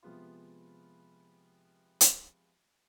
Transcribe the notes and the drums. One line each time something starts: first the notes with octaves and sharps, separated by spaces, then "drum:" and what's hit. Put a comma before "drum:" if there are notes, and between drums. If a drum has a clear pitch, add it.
C3 F3 G#3 B3 F4
drum: hi-hat